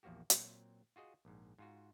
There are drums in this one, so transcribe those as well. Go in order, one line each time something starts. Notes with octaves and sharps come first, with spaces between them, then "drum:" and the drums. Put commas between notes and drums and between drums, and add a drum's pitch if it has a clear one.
A#1 E2 F3 A#3 F#4 G4
A#2 F#3 C4 G5, drum: hi-hat
F4 F#4 G#4 D#5
A#1 G#2
G#2 F4 F#4